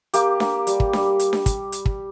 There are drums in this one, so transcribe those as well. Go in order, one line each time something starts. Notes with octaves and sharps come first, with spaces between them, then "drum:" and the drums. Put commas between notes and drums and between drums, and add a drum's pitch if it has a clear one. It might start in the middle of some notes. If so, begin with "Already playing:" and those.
A#3 G4, drum: hi-hat
A#3, drum: snare D4
G3, drum: hi-hat
drum: kick
G3, drum: snare D4
drum: hi-hat
drum: snare D4
drum: kick, hi-hat
drum: hi-hat
drum: kick